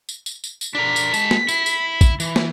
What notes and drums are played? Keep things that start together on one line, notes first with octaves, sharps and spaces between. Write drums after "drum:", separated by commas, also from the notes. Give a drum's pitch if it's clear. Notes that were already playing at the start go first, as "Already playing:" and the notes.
drum: tambourine
drum: tambourine
drum: tambourine
drum: tambourine
D4 A#4 B6
drum: tambourine
G#3 A5, drum: tambourine
drum: snare
E4, drum: tambourine
drum: tambourine
drum: kick, tambourine
E3, drum: tambourine
drum: snare